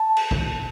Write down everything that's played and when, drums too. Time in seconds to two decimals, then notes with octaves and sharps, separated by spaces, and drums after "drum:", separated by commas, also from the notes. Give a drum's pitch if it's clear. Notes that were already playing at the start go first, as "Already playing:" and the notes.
Already playing: A5
0.17 drum: cymbal
0.31 drum: kick